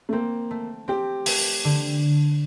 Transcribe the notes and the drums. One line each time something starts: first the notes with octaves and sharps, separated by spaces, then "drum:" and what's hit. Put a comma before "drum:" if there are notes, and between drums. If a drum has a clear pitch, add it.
A3
A#3 C4
A3
C4 G4
A3, drum: open hi-hat
D3